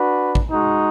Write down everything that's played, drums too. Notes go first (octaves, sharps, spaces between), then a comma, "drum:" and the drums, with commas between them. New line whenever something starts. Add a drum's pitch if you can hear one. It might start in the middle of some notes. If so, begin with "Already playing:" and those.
Already playing: D4 F#4 B4
drum: kick
G#3 D#4 F#4